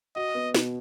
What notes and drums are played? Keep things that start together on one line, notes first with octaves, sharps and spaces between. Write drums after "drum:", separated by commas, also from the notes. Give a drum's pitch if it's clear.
F#4 D#5
B3
B2, drum: snare